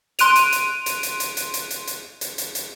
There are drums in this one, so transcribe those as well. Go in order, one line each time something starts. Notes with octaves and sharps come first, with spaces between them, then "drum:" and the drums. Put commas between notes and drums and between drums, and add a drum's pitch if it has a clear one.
C6 F#6 D7 D#7 F7, drum: hi-hat
drum: hi-hat
drum: hi-hat
drum: hi-hat
drum: hi-hat
drum: hi-hat
drum: hi-hat
drum: hi-hat
drum: hi-hat
drum: hi-hat
drum: hi-hat
drum: hi-hat
drum: hi-hat